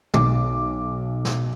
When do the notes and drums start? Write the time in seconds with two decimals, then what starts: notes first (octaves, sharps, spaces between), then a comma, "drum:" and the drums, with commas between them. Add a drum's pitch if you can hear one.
0.14 B1 D6, drum: tom
1.25 drum: snare